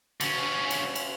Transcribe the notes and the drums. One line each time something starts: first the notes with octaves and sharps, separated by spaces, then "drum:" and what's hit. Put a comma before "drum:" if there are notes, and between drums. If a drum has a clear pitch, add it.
D3 C#4, drum: cymbal
drum: cymbal
drum: cymbal